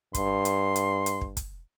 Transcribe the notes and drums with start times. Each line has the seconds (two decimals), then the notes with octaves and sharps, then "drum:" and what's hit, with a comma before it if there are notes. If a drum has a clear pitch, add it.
0.15 G2 C6, drum: kick, hi-hat
0.45 drum: hi-hat
0.76 drum: hi-hat
1.06 drum: hi-hat
1.21 drum: kick
1.37 drum: kick, hi-hat